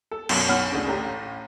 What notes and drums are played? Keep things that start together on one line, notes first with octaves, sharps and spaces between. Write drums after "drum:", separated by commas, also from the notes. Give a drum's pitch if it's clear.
A4
F#2 B2, drum: cymbal
B1 C#4 F#5 B5 F6
D2 A2 C#3
A1 A2 G4 A#5